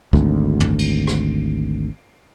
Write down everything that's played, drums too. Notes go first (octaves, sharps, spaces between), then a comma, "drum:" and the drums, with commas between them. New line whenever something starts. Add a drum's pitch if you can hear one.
G#1 D2, drum: kick
drum: tom
drum: cymbal
drum: rim click